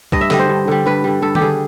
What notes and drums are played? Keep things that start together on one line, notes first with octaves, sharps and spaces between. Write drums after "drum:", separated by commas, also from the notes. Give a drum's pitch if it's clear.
G2 D#5, drum: kick
E5
D3 G3 D#5, drum: snare
C5
G2
D3 G3
G2 B4
D3 G3
G2 A4
G4, drum: tom D#3
D3 G3 G#4